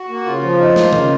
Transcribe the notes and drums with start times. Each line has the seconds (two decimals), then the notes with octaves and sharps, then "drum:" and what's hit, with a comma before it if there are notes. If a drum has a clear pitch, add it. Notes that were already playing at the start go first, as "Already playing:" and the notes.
Already playing: F#4
0.08 A#3
0.25 C#3 F4
0.42 F3
0.59 D#4
0.76 A#3, drum: snare
0.93 C#3, drum: tom D3